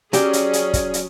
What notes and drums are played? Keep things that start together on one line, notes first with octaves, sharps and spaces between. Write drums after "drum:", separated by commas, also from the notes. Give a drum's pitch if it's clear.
F#3 C#4 G4 G#4 D5, drum: hi-hat
drum: hi-hat
drum: hi-hat
drum: kick, hi-hat
drum: hi-hat